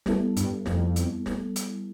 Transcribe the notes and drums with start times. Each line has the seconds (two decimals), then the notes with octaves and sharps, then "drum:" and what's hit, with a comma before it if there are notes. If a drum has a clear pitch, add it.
0.06 G3 B3 E4 A4, drum: snare
0.36 G2, drum: hi-hat
0.66 F2, drum: snare
0.96 drum: hi-hat
1.26 drum: snare
1.56 drum: hi-hat